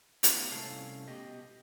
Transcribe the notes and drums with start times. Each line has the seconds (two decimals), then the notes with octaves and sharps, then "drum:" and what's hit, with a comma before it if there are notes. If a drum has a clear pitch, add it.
0.23 A#3 C4 D4 E4 F4 G4, drum: hi-hat
0.51 C2 A3 C#4 E5 F5 A5
1.08 B2 G4 D#5